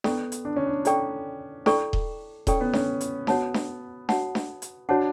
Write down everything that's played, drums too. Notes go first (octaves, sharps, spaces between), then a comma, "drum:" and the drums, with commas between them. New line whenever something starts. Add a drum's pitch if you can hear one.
B3 E4 A4 D5 G5 C#6, drum: snare D4
drum: hi-hat
D4
C#4
D4
E4 A4 D5 G5 C#6, drum: hi-hat
E4 A4 D5 G5 C#6, drum: snare D4
drum: kick D#1
C#4 E4 A4 D5 G5 C#6, drum: kick D#1, hi-hat
B3
C#4, drum: snare D4
drum: hi-hat
B3 F#4 C#5 F#5 A5, drum: snare D4
drum: snare D4
F#4 C#5 F#5 A5, drum: snare D4
drum: snare D4
drum: hi-hat
D4 F#4 C#5 F#5 A5